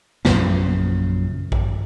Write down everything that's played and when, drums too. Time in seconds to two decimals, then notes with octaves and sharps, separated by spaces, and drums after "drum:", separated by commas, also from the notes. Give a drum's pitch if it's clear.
0.25 A#1 F#2 A#2 C#3, drum: snare
1.52 drum: kick A#1